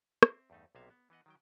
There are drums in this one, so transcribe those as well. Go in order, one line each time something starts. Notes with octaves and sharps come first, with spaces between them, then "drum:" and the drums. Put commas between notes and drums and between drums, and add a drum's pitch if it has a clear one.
C4 E5, drum: rim click
E2 G2 A3 D#4
B1 C3 A#3 B3 E5 F5
B3
E3 B3 D#5 F#5
D#3 F#3 G5